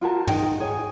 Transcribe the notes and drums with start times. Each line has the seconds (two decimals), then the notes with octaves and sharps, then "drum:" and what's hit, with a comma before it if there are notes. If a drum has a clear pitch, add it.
0.01 F4 F#4 A#4 A5
0.27 D#4 G#4 G5, drum: tom
0.60 G#4 C#5 G#5